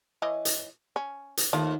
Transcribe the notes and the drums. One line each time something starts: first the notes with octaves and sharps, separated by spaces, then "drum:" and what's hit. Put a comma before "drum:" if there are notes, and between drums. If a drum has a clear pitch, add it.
E3 C#5 D#5
drum: hi-hat
C#4
drum: hi-hat
D#2 F3 A3